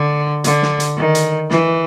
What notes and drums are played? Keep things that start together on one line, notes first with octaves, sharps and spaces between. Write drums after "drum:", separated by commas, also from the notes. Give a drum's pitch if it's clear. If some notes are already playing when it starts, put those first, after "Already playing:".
Already playing: D3
D3, drum: hi-hat
drum: snare
drum: hi-hat
D#3
drum: hi-hat
E3, drum: snare